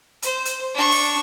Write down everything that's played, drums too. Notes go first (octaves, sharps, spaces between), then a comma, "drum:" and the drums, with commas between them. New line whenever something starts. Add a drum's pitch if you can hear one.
C5, drum: hi-hat
drum: hi-hat
D4 C#6
drum: open hi-hat